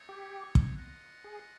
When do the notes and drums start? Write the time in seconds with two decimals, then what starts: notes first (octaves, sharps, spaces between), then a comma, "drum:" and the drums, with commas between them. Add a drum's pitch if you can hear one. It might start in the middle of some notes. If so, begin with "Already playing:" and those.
Already playing: A3 C4 D#4 G#4 C#5
0.09 G4
0.55 drum: kick
0.75 F4 A#4 D#5 F#5
1.24 G#4